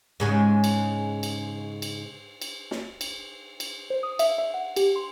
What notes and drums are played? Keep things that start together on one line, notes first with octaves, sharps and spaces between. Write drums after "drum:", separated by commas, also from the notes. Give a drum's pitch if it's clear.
G#2 C#3 G#3
drum: cymbal
drum: cymbal
drum: cymbal
drum: cymbal
drum: snare
drum: cymbal
drum: cymbal
C5
D#6
E5, drum: cymbal
E5
F#5
G4, drum: cymbal
C6